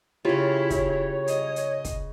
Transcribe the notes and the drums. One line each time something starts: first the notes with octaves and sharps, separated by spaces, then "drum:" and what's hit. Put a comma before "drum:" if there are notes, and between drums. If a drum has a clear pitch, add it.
C#3 E4 F4 G4 C#5
drum: kick, hi-hat
D#5, drum: hi-hat
drum: hi-hat
drum: kick, hi-hat